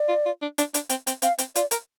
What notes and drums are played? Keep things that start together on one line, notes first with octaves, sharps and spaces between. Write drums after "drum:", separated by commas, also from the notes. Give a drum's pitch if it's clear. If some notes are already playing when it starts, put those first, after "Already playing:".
Already playing: D5
F4
F4
D4
D4, drum: hi-hat
D4, drum: hi-hat
C4, drum: hi-hat
C4, drum: hi-hat
C4 F5, drum: hi-hat
C4, drum: hi-hat
F4 D5, drum: hi-hat
A#4, drum: hi-hat